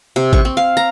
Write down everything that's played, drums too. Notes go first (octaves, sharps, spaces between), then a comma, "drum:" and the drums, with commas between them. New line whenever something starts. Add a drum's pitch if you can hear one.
C3
C#6, drum: kick
C4
F5
A#5